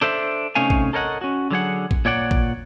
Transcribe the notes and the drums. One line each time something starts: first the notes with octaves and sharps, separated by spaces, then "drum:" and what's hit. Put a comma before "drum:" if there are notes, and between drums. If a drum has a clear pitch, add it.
D4 A4 C5 E5
C3 A3 C#4 D#4 F5 G#5
drum: kick A1
A4 A#4 C#5 D#5 F#5
C#4 F#4
D3 F#3 G#4 F#5
drum: kick A1
A#2 C#5 D5 F#5
drum: kick A1